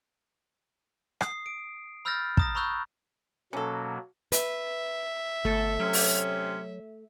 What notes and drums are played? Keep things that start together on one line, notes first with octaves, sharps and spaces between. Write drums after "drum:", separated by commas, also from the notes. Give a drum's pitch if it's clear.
D#6 C7, drum: rim click
D7
B5 E6 F6 G6 A6 A#6
A#5 D#6 A#6, drum: kick
A#5 B5 C#6 E6 F#6 G6
B2 F#3 A#3 C#4 A4
B4 E5, drum: hi-hat
G1 A3 A4
C3 F#3 C4 C#4
drum: open hi-hat